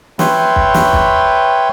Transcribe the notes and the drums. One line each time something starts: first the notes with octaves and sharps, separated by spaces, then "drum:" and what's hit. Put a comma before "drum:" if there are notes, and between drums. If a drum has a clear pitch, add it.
B4 C#5 E5 G5 C6, drum: snare
drum: kick
drum: snare
drum: kick